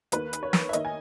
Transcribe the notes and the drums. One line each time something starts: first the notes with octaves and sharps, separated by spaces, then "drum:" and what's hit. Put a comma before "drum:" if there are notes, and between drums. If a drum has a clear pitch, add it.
D#2 D#3 A#3 B4, drum: hi-hat
drum: hi-hat
C#5
drum: snare
E5
D#3 A#3 D#5, drum: hi-hat
G#5